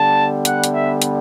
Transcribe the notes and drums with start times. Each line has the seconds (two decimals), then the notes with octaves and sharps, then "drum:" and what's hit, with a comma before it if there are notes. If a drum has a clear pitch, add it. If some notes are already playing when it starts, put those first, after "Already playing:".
Already playing: D3 G3 B3 A5
0.45 F#5, drum: hi-hat
0.64 drum: hi-hat
0.73 E5
1.02 drum: hi-hat